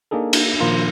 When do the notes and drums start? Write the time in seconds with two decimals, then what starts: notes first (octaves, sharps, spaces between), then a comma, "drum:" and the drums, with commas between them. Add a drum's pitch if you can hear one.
0.11 A#3 D4 D#4 G#4 A4
0.33 drum: cymbal
0.60 A#2 D#3 F3 A#3 F4 A#4